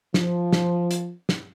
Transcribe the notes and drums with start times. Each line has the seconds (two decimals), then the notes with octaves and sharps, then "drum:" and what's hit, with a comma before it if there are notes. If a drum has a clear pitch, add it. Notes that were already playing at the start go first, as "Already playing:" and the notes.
0.14 F3, drum: snare
0.52 drum: snare
0.91 drum: hi-hat
1.29 drum: snare